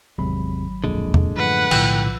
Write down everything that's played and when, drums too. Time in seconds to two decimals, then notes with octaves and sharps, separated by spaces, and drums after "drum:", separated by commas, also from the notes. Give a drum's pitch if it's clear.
0.18 G#1 E2 C3 F#3 G#3 B5
0.84 D1 F2 A#2 D3 G#3
1.14 drum: tom E2
1.36 F#2 A2 F3 B4 F#5
1.71 B1 A2 D3 F3 G5, drum: cymbal